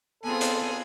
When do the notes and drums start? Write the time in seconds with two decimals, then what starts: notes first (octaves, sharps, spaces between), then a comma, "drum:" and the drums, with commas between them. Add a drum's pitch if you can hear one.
0.23 B3 C4 F4 G#4 A4 G#5
0.41 drum: hi-hat